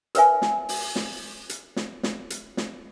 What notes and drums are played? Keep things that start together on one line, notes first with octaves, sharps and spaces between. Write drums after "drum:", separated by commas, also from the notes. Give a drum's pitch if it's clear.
A#4 B4 C#5 E5 G#5, drum: hi-hat
drum: snare
drum: open hi-hat
drum: snare
drum: hi-hat
drum: snare
drum: snare
drum: hi-hat
drum: snare